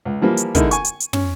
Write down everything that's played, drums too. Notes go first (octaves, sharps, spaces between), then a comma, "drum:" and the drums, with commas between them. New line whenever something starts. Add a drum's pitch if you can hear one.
C#2
E3 F3 G3 A#3
drum: hi-hat
D3 G#3 D#4 E4 A#4, drum: kick, hi-hat
G#5 C#6, drum: hi-hat
drum: hi-hat
drum: hi-hat
C#4, drum: tom